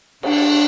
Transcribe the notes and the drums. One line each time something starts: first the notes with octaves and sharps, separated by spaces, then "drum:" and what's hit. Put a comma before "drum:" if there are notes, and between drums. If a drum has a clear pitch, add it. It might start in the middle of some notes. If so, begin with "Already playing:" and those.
D4, drum: cymbal